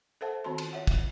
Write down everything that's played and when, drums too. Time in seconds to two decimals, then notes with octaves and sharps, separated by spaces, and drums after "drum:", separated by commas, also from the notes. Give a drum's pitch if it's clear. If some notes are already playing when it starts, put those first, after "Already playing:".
0.21 A4 A#4 C5 E5 F#5 A5
0.44 D#3 B3 C4 F#4 A5 C6
0.58 drum: cymbal
0.73 C#5 E5 F#5
0.87 drum: kick, cymbal